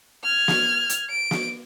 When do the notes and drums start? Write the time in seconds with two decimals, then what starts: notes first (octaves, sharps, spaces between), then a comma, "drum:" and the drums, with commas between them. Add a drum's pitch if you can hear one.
0.24 F6 G#6
0.48 drum: snare
0.89 drum: hi-hat
1.10 D7
1.31 drum: snare